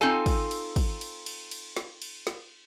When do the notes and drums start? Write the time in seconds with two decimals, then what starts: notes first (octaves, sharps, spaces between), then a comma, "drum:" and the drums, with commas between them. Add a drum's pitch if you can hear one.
0.01 C4 D#4 F4 A4 G#5
0.26 drum: kick, cymbal
0.51 drum: cymbal
0.76 drum: kick, cymbal
1.01 drum: cymbal
1.26 drum: cymbal
1.51 drum: cymbal
1.77 drum: snare
2.02 drum: cymbal
2.27 drum: snare